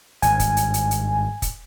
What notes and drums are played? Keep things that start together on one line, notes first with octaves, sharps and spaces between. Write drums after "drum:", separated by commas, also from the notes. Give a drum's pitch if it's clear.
G#1 G2 G#5, drum: hi-hat
drum: kick, hi-hat
drum: hi-hat
drum: hi-hat
drum: hi-hat
drum: kick, hi-hat